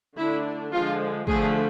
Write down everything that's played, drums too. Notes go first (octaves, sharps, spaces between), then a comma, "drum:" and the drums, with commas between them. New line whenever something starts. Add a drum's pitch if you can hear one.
D3 A3 D4 E4
D3 F3 G#3 F4
D3 F3 A3 G#4, drum: kick